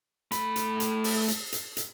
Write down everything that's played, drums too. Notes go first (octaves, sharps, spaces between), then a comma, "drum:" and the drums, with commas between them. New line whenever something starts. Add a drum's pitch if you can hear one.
A3 B5, drum: hi-hat
drum: hi-hat
drum: hi-hat
drum: open hi-hat
drum: hi-hat
drum: hi-hat
drum: hi-hat